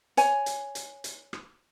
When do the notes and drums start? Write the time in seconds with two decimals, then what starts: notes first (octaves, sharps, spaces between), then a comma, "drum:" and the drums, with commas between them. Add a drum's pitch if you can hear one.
0.17 C#5 G#5, drum: hi-hat
0.46 drum: hi-hat
0.75 drum: hi-hat
1.04 drum: hi-hat
1.33 drum: rim click